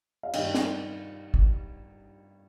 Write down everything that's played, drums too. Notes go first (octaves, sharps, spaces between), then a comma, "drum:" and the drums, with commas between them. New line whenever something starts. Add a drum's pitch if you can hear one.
F5
G2 D#3 D#5 G5, drum: cymbal
drum: snare
drum: kick